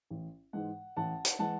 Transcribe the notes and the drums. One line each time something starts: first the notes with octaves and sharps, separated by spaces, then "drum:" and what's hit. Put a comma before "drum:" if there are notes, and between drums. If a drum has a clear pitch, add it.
A1
G#2 E3 G#3 F#5
A1 F#5 A5
drum: hi-hat
E3 G#3 F#5 A5